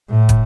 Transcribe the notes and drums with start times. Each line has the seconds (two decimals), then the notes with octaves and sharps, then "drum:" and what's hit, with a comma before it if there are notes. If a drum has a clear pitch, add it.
0.10 A2
0.29 drum: kick, hi-hat